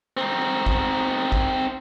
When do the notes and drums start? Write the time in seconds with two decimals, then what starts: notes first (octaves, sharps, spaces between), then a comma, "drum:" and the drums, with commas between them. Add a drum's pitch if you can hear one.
0.17 C4 D#4
0.66 drum: kick G#1
1.32 drum: kick G#1